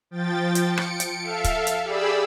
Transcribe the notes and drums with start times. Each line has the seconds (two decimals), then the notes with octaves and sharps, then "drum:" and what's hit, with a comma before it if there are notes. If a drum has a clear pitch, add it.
0.11 F3 G5 A6
0.55 drum: hi-hat
0.68 C#7 D7
0.77 drum: rim click
1.00 drum: hi-hat
1.22 A4 E5 F5
1.44 drum: kick, hi-hat
1.67 drum: hi-hat
1.85 G4 G#4 D5 B5 E6